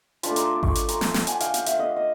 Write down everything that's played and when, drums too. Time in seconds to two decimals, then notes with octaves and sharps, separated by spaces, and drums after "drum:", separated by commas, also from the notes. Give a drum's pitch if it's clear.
0.23 A3 D4 F4 A5 B5, drum: hi-hat
0.36 A#5 C6, drum: hi-hat
0.55 D6
0.63 B5 C#6, drum: kick G#1
0.75 drum: hi-hat
0.88 A#5 C6, drum: hi-hat
1.01 A5 B5, drum: snare
1.14 G5 A5, drum: snare
1.27 F#5 G#5, drum: hi-hat
1.40 F5 G5, drum: hi-hat
1.54 F5 G5, drum: hi-hat
1.66 E5 F#5, drum: hi-hat
1.79 D#5 F5
1.96 D#5